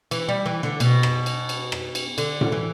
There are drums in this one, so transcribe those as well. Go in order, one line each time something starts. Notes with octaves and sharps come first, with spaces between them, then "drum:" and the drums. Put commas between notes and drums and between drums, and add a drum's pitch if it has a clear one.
E3, drum: cymbal
G3
E3
D3
B2, drum: cymbal
drum: rim click
drum: cymbal
drum: cymbal
drum: rim click
drum: cymbal
D3, drum: cymbal
drum: tom A2
E3